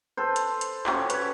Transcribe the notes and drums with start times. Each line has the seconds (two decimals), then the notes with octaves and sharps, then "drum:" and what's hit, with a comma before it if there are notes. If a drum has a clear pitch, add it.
0.17 A4 B4 C5
0.36 drum: hi-hat
0.61 drum: hi-hat
0.86 C#4 F#4 G4, drum: clap
1.10 B4 C#5, drum: hi-hat